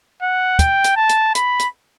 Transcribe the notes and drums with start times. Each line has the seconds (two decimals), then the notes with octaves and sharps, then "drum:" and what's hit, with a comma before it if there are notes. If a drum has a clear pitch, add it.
0.22 F#5
0.59 G5, drum: kick, hi-hat
0.84 drum: hi-hat
0.96 A5
1.09 drum: hi-hat
1.35 B5, drum: hi-hat
1.59 drum: hi-hat